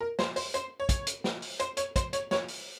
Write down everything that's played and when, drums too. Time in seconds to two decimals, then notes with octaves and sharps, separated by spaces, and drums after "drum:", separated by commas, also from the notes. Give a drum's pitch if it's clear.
0.01 A#4
0.19 C5, drum: snare
0.36 C5, drum: open hi-hat
0.54 C5, drum: hi-hat
0.80 C#5
0.89 drum: kick, hi-hat
1.07 drum: hi-hat
1.24 drum: snare
1.42 drum: open hi-hat
1.60 C5, drum: hi-hat
1.77 C#5, drum: hi-hat
1.96 C5, drum: kick, hi-hat
2.13 C#5, drum: hi-hat
2.31 C#5, drum: snare
2.48 drum: open hi-hat